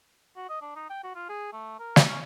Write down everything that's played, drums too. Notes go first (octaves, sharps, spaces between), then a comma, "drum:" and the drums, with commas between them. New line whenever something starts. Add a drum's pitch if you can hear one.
F#4
D#5
D4
D#4
G5
F#4
F4
G#4
A3
A#4
drum: snare
C#4